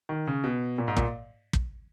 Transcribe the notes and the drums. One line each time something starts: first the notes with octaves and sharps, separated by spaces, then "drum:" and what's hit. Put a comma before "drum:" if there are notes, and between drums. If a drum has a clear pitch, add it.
D#3
C#3
B2
A#2
G#2
A#2, drum: kick
drum: kick